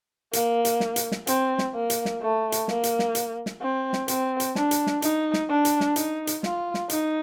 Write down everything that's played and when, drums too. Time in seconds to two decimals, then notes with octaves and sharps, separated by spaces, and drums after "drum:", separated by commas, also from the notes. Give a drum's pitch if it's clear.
0.33 A#3, drum: hi-hat
0.65 drum: hi-hat
0.80 drum: snare
0.96 drum: hi-hat
1.12 drum: snare
1.27 C4, drum: hi-hat
1.58 drum: snare
1.75 A#3
1.90 drum: hi-hat
2.05 drum: snare
2.21 A3
2.52 drum: hi-hat
2.68 A#3, drum: snare
2.83 drum: hi-hat
2.99 drum: snare
3.15 drum: hi-hat
3.46 drum: snare
3.61 C4
3.93 drum: snare
4.08 C4, drum: hi-hat
4.40 drum: hi-hat
4.55 D4, drum: snare
4.71 drum: hi-hat
4.87 drum: snare
5.02 D#4, drum: hi-hat
5.34 drum: snare
5.49 D4
5.65 drum: hi-hat
5.80 drum: snare
5.96 D#4, drum: hi-hat
6.27 drum: hi-hat
6.43 F4, drum: snare
6.74 drum: snare
6.90 D#4, drum: hi-hat